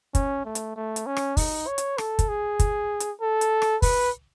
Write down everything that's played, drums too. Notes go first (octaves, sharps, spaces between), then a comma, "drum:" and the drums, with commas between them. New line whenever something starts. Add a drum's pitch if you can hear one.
C#4, drum: kick, hi-hat
A3
drum: hi-hat
A3
drum: hi-hat
C#4
drum: rim click
D#4, drum: kick, open hi-hat
C#5
drum: hi-hat
A4, drum: rim click
drum: kick, hi-hat
G#4
drum: kick, hi-hat
drum: hi-hat
A4
drum: hi-hat
drum: rim click
B4, drum: kick, open hi-hat